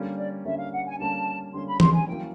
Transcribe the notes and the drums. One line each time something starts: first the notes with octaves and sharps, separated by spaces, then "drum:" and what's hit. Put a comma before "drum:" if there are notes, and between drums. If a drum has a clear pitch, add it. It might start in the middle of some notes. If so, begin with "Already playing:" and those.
Already playing: D3 G3 A#3 C#4
D5
D3 G3 A#3 C#4 E5
F5
F#5
G#5
D3 G3 A#3 C#4 A5
D3 G3 A#3 C#4 C6
B5
C6, drum: tom
G#5
F#3 A#3 C#4 E4 G5